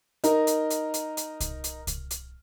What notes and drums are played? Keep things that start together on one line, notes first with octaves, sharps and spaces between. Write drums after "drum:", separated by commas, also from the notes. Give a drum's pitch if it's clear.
D#4 A#4, drum: hi-hat
drum: hi-hat
drum: hi-hat
drum: hi-hat
drum: hi-hat
drum: kick C2, hi-hat
drum: hi-hat
drum: kick C2, hi-hat
drum: hi-hat